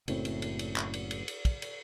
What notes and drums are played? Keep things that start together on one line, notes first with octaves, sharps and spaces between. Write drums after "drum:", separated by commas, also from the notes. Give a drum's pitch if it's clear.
F#1 F#2 A2 C4, drum: cymbal
drum: cymbal
drum: cymbal
drum: cymbal
drum: clap
drum: cymbal
drum: cymbal
drum: cymbal
drum: kick, cymbal
drum: cymbal